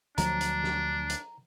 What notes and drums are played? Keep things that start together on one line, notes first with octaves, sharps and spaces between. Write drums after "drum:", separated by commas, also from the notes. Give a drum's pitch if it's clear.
D2 F3 F#3 D4 A#5, drum: hi-hat
drum: hi-hat
drum: snare
drum: hi-hat